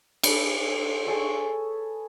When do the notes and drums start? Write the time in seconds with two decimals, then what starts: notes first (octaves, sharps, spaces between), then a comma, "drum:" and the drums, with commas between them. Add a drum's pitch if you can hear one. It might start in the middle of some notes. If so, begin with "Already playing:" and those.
0.23 A4 B4, drum: cymbal
1.06 G#4 A4 C#5